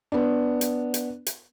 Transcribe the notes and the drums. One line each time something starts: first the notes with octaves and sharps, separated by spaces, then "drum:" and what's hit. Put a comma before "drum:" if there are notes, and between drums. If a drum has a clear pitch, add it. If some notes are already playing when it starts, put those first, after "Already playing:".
B3 D4
drum: hi-hat
drum: hi-hat
drum: hi-hat